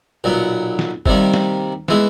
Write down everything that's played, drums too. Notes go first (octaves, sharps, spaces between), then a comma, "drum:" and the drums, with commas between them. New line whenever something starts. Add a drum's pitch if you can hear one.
B1 A#2 F#3 B3
drum: snare
C3 D#3 G3 A#3, drum: kick F#1
drum: snare
E3 G#3 B3 E4, drum: snare